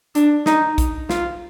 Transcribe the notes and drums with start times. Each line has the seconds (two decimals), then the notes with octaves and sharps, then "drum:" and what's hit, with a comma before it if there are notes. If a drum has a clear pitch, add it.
0.15 D4, drum: hi-hat
0.46 D#4, drum: snare
0.78 drum: kick A#1, hi-hat
1.10 F4, drum: snare